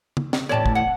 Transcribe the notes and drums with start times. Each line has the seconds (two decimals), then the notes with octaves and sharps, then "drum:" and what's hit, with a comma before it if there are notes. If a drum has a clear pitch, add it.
0.17 drum: tom C#3
0.33 drum: snare
0.49 E2 A2 G4 C#5 D5 A5
0.66 drum: kick
0.75 F#5